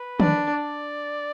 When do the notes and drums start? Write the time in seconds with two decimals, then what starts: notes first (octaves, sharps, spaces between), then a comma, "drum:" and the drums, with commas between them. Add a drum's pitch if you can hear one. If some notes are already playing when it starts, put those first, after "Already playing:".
Already playing: B4
0.20 D4, drum: tom
0.53 D5